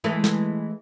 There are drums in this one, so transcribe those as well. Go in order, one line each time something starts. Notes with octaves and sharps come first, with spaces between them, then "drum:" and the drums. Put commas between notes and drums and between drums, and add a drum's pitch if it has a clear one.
E3 G#3 A3
drum: snare